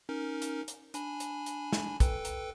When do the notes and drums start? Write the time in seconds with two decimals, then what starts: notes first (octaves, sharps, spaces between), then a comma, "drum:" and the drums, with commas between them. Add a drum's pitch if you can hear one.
0.09 C#4 D#4 A#4
0.42 drum: hi-hat
0.68 drum: hi-hat
0.94 D4 G#5 B5, drum: hi-hat
1.20 drum: hi-hat
1.46 drum: hi-hat
1.72 drum: snare
2.00 A4 B4 G5, drum: kick, hi-hat
2.25 drum: hi-hat